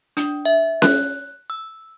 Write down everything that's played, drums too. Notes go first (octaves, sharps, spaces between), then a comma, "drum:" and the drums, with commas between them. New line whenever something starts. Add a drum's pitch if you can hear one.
D4, drum: hi-hat
E5
F#6, drum: snare C#4
E6